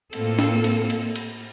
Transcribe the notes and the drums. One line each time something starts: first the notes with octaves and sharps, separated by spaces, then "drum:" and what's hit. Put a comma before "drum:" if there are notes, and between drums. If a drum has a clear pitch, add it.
A2 A#3 C4 F4 A4, drum: cymbal
drum: snare
drum: cymbal
drum: cymbal
drum: cymbal